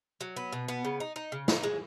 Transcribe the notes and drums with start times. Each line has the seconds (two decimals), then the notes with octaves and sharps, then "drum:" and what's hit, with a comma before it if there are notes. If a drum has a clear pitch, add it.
0.21 F#3
0.37 B3
0.52 B2
0.68 B3
0.85 C#3
1.00 D#4
1.16 D#4
1.32 C#3
1.48 D#4, drum: snare
1.63 G#3